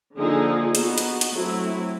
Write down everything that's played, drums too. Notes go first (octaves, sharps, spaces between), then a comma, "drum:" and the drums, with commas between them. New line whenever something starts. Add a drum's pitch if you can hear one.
D3 F3 A#3 D#4 G#4
B3 D#4 F#4, drum: hi-hat
drum: hi-hat
drum: hi-hat
F#3 A3 C4 E4